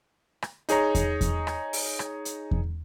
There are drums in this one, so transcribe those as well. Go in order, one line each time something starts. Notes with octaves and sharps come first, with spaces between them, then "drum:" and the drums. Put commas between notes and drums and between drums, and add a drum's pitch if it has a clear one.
drum: rim click
D#4 G#4 C#5 A#5, drum: hi-hat
drum: kick E2, hi-hat
drum: kick E2, hi-hat
drum: rim click
drum: open hi-hat
drum: rim click
drum: hi-hat
drum: kick E2